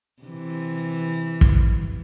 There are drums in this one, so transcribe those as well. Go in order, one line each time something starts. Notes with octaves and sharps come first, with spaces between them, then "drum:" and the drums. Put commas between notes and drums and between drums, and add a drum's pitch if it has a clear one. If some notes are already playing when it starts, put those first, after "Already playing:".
C3 E3
drum: kick